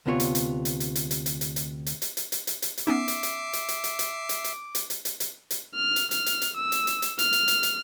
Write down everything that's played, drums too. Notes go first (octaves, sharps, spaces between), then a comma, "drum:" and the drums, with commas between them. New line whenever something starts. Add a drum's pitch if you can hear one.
D2 C3 B3 F4 B4 C#5
drum: hi-hat
drum: hi-hat
drum: hi-hat
drum: hi-hat
drum: hi-hat
drum: hi-hat
drum: hi-hat
drum: hi-hat
drum: hi-hat
drum: hi-hat
drum: hi-hat
drum: hi-hat
drum: hi-hat
drum: hi-hat
drum: hi-hat
drum: hi-hat
B3 C#4 D#4 E5 D6 C7
drum: hi-hat
drum: hi-hat
drum: hi-hat
drum: hi-hat
drum: hi-hat
drum: hi-hat
drum: hi-hat
drum: hi-hat
drum: hi-hat
drum: hi-hat
drum: hi-hat
drum: hi-hat
drum: hi-hat
F6
drum: hi-hat
F6, drum: hi-hat
drum: hi-hat
drum: hi-hat
E6
drum: hi-hat
drum: hi-hat
drum: hi-hat
F6, drum: hi-hat
drum: hi-hat
drum: hi-hat
drum: hi-hat